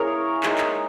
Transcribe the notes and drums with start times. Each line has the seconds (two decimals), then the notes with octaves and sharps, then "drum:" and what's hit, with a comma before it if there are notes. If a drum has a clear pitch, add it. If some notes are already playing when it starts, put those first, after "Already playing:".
Already playing: A#3 C#4 E4 G#4 A#4 C#5
0.43 G#3 D#4, drum: clap
0.58 drum: clap